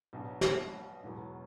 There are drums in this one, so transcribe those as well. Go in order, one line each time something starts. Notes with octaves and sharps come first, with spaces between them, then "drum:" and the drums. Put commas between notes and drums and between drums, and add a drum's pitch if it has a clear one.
B1 B2 F#3 D4
drum: snare
E1 E2 B2 F#3 B3